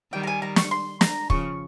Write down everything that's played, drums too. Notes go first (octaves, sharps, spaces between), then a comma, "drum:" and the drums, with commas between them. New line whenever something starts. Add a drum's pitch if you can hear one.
D#3 G3 G5
A#5
G#5
A#5
C#6, drum: snare
C6
A#5, drum: snare
C#3 F3 C#6, drum: kick